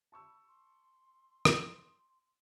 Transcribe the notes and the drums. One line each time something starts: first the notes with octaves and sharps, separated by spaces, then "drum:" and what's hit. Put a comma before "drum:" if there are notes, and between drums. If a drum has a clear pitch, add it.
A5 B5 C#6 E6
C6
drum: rim click